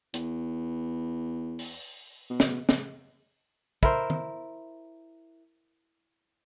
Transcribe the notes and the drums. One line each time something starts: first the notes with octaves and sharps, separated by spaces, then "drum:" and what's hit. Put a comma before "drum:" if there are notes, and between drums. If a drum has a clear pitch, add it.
E2, drum: hi-hat
drum: open hi-hat
B2
drum: snare
drum: snare
E4 A#4 C5, drum: kick
drum: tom